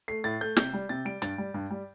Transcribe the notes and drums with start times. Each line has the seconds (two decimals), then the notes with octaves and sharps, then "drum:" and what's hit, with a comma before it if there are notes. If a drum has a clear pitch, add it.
0.08 A3 C7
0.24 A2 A6
0.41 A3 G6
0.57 C3 G6, drum: snare
0.73 G3
0.89 C3 A6
1.05 G3 D7
1.22 G2 A6, drum: hi-hat
1.38 G3
1.54 G2
1.71 G3